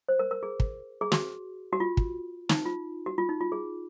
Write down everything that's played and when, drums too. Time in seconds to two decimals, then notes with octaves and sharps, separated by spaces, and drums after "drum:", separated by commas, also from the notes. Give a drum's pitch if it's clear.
0.09 C5
0.19 A#4
0.31 A#4
0.43 G#4
0.60 drum: kick
1.01 G#4
1.12 F#4, drum: snare
1.73 F#4
1.80 F4
1.97 drum: kick
2.49 D#4, drum: snare
2.66 F4
3.06 F#4
3.18 F4
3.29 D#4
3.41 F4
3.52 G#4